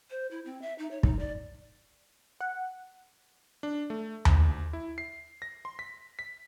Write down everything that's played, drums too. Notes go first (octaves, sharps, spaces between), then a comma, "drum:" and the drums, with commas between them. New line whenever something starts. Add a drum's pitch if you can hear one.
C5
E4
C4
E5
D#4
C#5
D#4, drum: kick
D5
F#5
D4
A3
D2, drum: tom D#2
E4
C7
A#6
C6
B6
B6